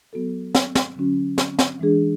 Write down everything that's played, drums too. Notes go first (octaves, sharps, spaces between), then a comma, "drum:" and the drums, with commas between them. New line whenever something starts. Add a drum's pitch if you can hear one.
F#3 B3 F#4 A4
drum: snare
drum: snare
D3 F#3 C#4 F#4
drum: snare
drum: snare
E3 G#3 D4 G#4